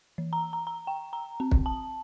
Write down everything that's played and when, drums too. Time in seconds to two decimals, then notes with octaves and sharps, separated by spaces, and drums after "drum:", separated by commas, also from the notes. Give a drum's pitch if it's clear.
0.18 E3
0.33 A#5
0.53 A#5
0.67 A#5
0.87 G5
1.13 A#5
1.40 C4
1.51 drum: kick
1.66 A5